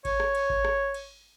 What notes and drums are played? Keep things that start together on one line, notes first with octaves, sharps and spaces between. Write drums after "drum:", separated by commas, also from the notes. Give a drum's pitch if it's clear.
C#5, drum: kick G#1, cymbal
drum: rim click
drum: cymbal
drum: kick G#1
drum: rim click
drum: cymbal